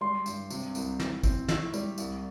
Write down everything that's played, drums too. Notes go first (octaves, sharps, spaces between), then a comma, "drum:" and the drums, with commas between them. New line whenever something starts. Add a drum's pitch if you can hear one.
G3 C6
G2, drum: tambourine
C3, drum: tambourine
C2, drum: tambourine
E3, drum: snare
C4, drum: kick, tambourine
A2 E6, drum: snare
G3, drum: tambourine
C2, drum: tambourine